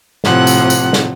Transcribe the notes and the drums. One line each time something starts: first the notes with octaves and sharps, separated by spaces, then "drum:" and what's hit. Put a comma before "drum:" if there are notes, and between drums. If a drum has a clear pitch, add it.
A2 C3 F3 F#5 F#6, drum: snare
drum: tambourine
drum: tambourine
drum: snare